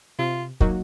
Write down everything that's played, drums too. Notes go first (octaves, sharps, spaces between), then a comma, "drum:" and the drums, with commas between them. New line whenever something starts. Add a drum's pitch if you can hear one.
C3 F4
F#3 A#3 D#4 F#4, drum: kick